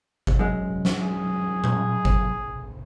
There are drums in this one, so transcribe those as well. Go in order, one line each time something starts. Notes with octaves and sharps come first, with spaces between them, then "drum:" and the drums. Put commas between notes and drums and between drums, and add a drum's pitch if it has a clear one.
drum: kick G1
F#2 G#3
drum: snare
G#4
drum: tom A#2
drum: kick G1